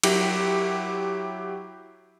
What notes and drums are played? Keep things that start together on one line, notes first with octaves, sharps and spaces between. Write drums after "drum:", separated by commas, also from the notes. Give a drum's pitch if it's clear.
F#3 E4 G4, drum: cymbal